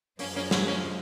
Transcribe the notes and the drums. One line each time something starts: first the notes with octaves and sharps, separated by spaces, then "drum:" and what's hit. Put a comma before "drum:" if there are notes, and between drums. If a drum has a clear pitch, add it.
F#2 F3 G#3 A#3 C#4, drum: open hi-hat
A#3 C#4
A#3 C#4, drum: snare
A#3 C#4